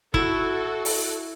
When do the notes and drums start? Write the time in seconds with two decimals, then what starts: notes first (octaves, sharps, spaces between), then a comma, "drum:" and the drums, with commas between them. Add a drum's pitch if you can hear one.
0.14 E4 F#4 A4, drum: kick
0.85 drum: open hi-hat